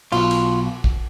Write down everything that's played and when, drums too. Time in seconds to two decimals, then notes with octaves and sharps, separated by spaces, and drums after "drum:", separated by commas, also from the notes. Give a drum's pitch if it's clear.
0.12 B1 B2 F4, drum: cymbal
0.31 drum: cymbal
0.84 drum: kick